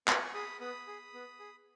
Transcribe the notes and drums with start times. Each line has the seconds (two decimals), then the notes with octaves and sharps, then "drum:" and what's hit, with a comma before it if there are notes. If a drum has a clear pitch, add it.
0.08 B3 G#5 C#6, drum: clap
0.34 G#4 B5 D#6
0.61 B3 B5 D#6
0.87 G#4
1.14 B3
1.40 G#4